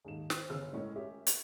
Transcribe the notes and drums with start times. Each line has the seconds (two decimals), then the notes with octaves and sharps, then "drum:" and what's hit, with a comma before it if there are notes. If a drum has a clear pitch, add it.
0.05 D#1 G#2 E7
0.30 B4 C5, drum: snare
0.50 G1 C#3 G#4 E6 F6
0.73 A2 G#3 C#4 A#4 C#5
0.96 C#4 G4 G#4 A#4 E5
1.27 drum: hi-hat